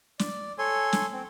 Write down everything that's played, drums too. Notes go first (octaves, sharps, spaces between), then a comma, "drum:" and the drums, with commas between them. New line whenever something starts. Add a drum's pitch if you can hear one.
D5, drum: snare
A4 C#5 G#5 C6
drum: snare
C4